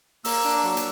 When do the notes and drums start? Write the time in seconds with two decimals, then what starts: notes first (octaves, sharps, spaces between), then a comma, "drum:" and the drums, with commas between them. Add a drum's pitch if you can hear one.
0.25 A#3 E6, drum: open hi-hat
0.45 D4
0.64 F#3
0.77 drum: hi-hat